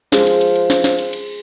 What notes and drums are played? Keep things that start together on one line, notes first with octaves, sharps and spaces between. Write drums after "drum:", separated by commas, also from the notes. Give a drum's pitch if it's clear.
F3 G#3, drum: snare
drum: cymbal
drum: cymbal
drum: cymbal
drum: snare
drum: snare
drum: cymbal
drum: cymbal